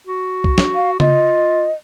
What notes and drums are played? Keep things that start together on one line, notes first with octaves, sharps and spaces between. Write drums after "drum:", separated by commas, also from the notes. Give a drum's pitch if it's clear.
F#4
drum: kick
drum: snare
F5
F4 D#5, drum: tom C#3